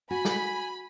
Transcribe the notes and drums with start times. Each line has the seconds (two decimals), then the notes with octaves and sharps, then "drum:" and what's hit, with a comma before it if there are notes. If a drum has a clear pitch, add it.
0.11 F#4 G#5 B5
0.25 drum: snare